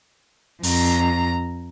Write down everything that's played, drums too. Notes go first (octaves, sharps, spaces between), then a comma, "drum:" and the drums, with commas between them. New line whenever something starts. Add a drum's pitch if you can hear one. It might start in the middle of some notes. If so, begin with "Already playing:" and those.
F2 A#5, drum: open hi-hat